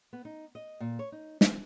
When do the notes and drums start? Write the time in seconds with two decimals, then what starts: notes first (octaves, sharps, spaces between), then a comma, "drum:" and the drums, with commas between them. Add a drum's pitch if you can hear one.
0.13 B3
0.25 D#4
0.55 D#5
0.80 A#2
0.99 C#5
1.12 D#4
1.41 C4, drum: snare